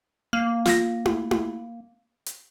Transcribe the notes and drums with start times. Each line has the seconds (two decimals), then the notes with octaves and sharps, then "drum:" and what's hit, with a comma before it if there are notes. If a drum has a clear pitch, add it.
0.33 A#3 F6
0.66 F4 A#6, drum: snare
1.06 drum: tom E4
1.31 drum: tom E4
2.26 drum: hi-hat